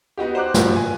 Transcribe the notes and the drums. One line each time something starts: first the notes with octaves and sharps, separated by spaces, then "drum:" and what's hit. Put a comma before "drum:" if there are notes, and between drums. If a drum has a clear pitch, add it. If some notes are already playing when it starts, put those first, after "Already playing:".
B3 D#4 F#4 G4
C5 A#5 D6 F#6
G2 F3, drum: snare
G#5